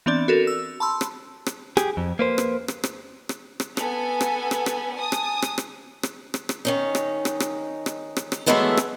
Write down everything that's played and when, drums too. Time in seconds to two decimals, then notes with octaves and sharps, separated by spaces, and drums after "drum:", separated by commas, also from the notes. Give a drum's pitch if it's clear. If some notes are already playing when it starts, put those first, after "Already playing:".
0.06 E3 B3 C4 D4 D5
0.28 F#4 A4 A#4
0.47 E6
0.80 A5 B5 C6 E6
1.01 drum: rim click
1.46 drum: rim click
1.77 G4 G#4, drum: rim click
1.97 F2
2.19 A#3 B4 C5
2.38 drum: rim click
2.68 drum: rim click
2.84 drum: rim click
3.29 drum: rim click
3.60 drum: rim click
3.77 B3 A4 G#5, drum: rim click
4.21 drum: rim click
4.51 drum: rim click
4.66 drum: rim click
4.92 G#5 A5 D#6
5.12 drum: rim click
5.42 drum: rim click
5.58 drum: rim click
6.03 drum: rim click
6.34 drum: rim click
6.49 drum: rim click
6.65 D#3 C#4 D#4
6.95 drum: rim click
7.25 drum: rim click
7.40 drum: rim click
7.86 drum: rim click
8.17 drum: rim click
8.32 drum: rim click
8.46 E3 F#3 G#3 A3 B3 A4
8.77 drum: rim click